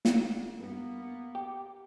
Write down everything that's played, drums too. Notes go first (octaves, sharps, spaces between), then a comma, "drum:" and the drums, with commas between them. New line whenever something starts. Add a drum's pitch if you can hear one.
drum: snare
G2 A#3 B3
G4